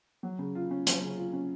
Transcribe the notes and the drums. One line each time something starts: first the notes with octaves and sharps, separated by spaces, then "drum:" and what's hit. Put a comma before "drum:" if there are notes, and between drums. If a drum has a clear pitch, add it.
F#3
C#3
F4
C#4
F#3, drum: hi-hat
C#3
F4
C#4